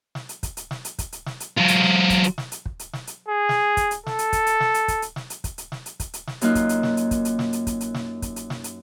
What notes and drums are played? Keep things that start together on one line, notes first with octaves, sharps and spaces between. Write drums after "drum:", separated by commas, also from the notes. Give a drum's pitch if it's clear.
drum: snare
drum: hi-hat
drum: kick, hi-hat
drum: hi-hat
drum: snare
drum: hi-hat
drum: kick, hi-hat
drum: hi-hat
drum: snare
drum: hi-hat
F#3 F4
drum: hi-hat
drum: snare
drum: kick, hi-hat
drum: hi-hat
drum: snare
drum: hi-hat
drum: kick
drum: hi-hat
drum: snare
drum: hi-hat
G#4
drum: snare
drum: kick, hi-hat
drum: hi-hat
A4, drum: snare
drum: hi-hat
drum: kick, hi-hat
drum: hi-hat
drum: snare
drum: hi-hat
drum: kick, hi-hat
drum: hi-hat
drum: snare
drum: hi-hat
drum: kick, hi-hat
drum: hi-hat
drum: snare
drum: hi-hat
drum: kick, hi-hat
drum: hi-hat
drum: snare
F#2 A#3 D#4 F4 F#6, drum: hi-hat
drum: kick, hi-hat
drum: hi-hat
drum: snare
drum: hi-hat
drum: kick, hi-hat
drum: hi-hat
drum: snare
drum: hi-hat
drum: kick, hi-hat
drum: hi-hat
drum: snare
drum: kick, hi-hat
drum: hi-hat
drum: snare
drum: hi-hat